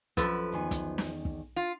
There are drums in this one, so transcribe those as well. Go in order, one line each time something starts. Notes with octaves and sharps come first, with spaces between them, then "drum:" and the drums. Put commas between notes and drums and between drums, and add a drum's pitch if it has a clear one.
F#2 F3 A4 B4, drum: kick, hi-hat
E2 D#3 G#5
drum: kick, hi-hat
drum: snare
drum: kick
F4